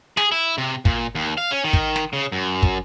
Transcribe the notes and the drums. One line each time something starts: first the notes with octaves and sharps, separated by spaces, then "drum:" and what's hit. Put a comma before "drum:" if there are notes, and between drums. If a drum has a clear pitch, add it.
G#4, drum: snare
E4
C3
A#2, drum: kick
D#2
F5
C#4
D#3
drum: kick
drum: snare
C#3
F#2
drum: kick